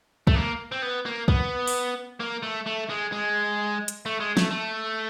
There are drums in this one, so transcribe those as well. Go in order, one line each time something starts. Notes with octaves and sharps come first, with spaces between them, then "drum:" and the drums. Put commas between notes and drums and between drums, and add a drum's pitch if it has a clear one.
A3, drum: kick
A#3
C4
B3
A#3
B3, drum: kick
drum: open hi-hat
A#3
A3
A3
G#3
G#3
drum: hi-hat
A3
G#3
A3, drum: snare
A3